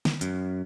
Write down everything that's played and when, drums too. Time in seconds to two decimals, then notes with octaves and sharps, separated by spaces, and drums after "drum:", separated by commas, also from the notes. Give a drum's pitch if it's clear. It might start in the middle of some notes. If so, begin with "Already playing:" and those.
0.05 drum: snare
0.21 F#2, drum: hi-hat